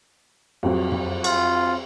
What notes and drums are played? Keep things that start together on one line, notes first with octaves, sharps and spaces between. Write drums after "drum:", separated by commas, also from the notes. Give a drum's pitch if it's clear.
F2 F#3, drum: cymbal
drum: tom
F4, drum: cymbal